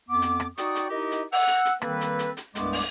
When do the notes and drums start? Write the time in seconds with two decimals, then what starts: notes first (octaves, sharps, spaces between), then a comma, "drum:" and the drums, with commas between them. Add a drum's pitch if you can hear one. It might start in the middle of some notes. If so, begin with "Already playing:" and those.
0.09 F2 B3 D6
0.22 drum: hi-hat
0.40 drum: rim click
0.58 D#4 F#4 D5 G5 C#6 D#6, drum: hi-hat
0.76 drum: hi-hat
0.90 D#4 E4 G4 A#4 D#5
1.11 drum: hi-hat
1.32 F#5 E6, drum: open hi-hat
1.47 drum: hi-hat
1.65 drum: hi-hat
1.82 D#3 G3 A#3 C4 A4 B4, drum: rim click
2.01 drum: hi-hat
2.19 drum: hi-hat
2.37 drum: hi-hat
2.55 C2 G2 G#3 A3 B3 D6, drum: hi-hat
2.73 drum: open hi-hat